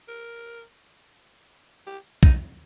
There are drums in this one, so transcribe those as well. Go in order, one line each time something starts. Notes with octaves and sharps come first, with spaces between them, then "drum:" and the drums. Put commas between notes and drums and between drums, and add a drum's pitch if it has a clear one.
A#4
G4
D#4, drum: kick